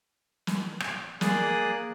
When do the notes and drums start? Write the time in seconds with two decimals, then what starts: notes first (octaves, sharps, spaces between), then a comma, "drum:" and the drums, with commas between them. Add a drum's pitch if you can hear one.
0.47 drum: snare
0.80 drum: rim click
1.21 A#3 G#4 D5 D#6 F#6, drum: snare